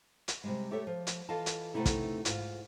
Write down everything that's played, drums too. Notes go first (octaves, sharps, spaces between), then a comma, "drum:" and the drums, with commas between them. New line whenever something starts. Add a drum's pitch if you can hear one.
drum: hi-hat
C3 G3 G#3
A3 G4 A4 C#5 E5
F3
drum: hi-hat
E3 F4 A4 D#5 F5 A5
drum: hi-hat
C3 A3 B3 D#4 E4 A4
drum: kick, hi-hat
G#2 F4, drum: hi-hat